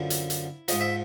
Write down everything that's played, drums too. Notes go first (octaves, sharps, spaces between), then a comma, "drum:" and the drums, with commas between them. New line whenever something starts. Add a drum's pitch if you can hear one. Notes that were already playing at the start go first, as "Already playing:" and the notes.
Already playing: F#2 D3 F3 E4
drum: hi-hat
drum: hi-hat
G#2 F3 D#5, drum: hi-hat
E5